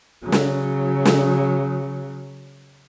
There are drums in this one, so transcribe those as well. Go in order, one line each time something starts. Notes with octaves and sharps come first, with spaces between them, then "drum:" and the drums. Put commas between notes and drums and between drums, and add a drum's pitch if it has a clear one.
C#3 F#3
drum: snare
drum: snare